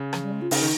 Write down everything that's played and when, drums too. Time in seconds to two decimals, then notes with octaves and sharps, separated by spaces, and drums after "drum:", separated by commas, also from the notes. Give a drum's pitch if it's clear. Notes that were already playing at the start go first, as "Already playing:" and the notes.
Already playing: C#3
0.13 F3, drum: rim click
0.22 G3
0.32 G#3
0.41 F4
0.51 C#3 D#4, drum: open hi-hat
0.62 D#3